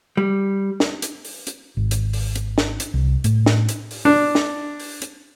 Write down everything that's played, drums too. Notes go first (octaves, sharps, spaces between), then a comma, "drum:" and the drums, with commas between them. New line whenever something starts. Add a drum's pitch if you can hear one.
G3
drum: snare
drum: hi-hat
drum: open hi-hat
drum: hi-hat
G#1
drum: hi-hat
drum: open hi-hat
drum: hi-hat
drum: snare
drum: hi-hat
C2
A2, drum: hi-hat
drum: snare
drum: hi-hat
drum: open hi-hat
D4
drum: snare
drum: open hi-hat
drum: hi-hat